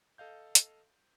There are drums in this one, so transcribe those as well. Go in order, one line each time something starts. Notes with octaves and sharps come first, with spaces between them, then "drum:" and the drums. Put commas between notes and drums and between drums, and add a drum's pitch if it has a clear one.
A4 D#5 F5 G6
drum: hi-hat